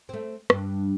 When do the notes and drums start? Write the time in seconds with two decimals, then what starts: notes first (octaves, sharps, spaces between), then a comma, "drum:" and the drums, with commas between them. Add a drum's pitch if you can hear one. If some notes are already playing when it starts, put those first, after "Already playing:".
0.09 A3 C4
0.50 G2, drum: rim click